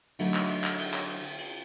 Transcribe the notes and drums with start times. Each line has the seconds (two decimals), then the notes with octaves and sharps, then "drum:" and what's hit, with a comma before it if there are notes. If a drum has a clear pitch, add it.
0.19 D3 F#3 A3 D#4 E4, drum: cymbal
0.34 drum: clap
0.49 drum: cymbal
0.64 drum: clap
0.79 drum: cymbal
0.93 drum: clap
1.08 drum: cymbal
1.23 drum: cymbal
1.38 drum: cymbal